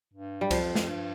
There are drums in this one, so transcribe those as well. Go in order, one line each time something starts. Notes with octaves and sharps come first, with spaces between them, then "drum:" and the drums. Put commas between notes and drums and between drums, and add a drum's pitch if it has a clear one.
G2
G3
F2 F3, drum: kick C2, cymbal
drum: snare
G2